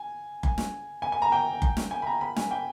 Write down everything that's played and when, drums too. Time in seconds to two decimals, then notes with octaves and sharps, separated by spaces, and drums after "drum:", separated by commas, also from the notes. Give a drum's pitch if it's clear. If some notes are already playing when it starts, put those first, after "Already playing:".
Already playing: G#5
0.43 G#5, drum: kick F#1
0.58 drum: snare
1.02 G#5
1.12 G#5
1.22 A#5
1.32 G5
1.62 drum: kick F#1
1.77 drum: snare
1.91 G#5
2.02 B5
2.07 A#5
2.21 B5
2.36 G#5, drum: snare
2.51 G5